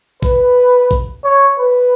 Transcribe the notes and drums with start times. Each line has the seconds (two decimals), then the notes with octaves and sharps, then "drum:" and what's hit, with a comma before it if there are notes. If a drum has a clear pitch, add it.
0.22 B4, drum: kick A#1
0.91 drum: kick A#1
1.25 C#5
1.59 B4